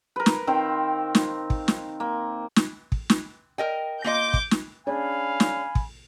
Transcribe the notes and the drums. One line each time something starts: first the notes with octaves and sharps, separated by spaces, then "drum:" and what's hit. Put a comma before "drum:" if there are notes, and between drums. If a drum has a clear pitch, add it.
A#4 B4
drum: snare
D#3 C4 F5
drum: snare
drum: kick
drum: snare
A#3
drum: snare
drum: kick
drum: snare
A#4 D#5 G5
A#3 F4 D#5 D6 G6
drum: kick
drum: snare
C#4 D4 G#4 F5 G#5 B5
drum: snare
drum: kick